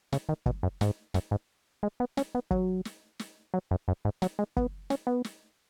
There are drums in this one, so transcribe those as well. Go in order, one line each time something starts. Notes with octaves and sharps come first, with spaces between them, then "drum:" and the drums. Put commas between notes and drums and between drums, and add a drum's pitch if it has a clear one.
C#3, drum: snare
D#3
B2, drum: kick
F#2
G#2, drum: snare
F#2, drum: snare
G#2
G#3
B3
C#4, drum: snare
B3
F#3, drum: kick
drum: snare
drum: snare
F#3
F#2
F#2
G#2
F#3, drum: snare
G#3
B3, drum: kick
C#4, drum: snare
B3
drum: snare